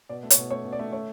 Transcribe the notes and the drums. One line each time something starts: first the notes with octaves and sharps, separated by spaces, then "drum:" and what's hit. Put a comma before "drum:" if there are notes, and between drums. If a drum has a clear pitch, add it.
B2 D5
A3
C#5, drum: hi-hat
B2
A3 C#5
B2
D5
A3
A3 C#5